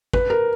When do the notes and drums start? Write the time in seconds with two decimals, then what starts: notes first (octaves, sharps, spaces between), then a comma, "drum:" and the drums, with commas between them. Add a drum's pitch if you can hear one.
0.13 B4, drum: kick
0.30 A#4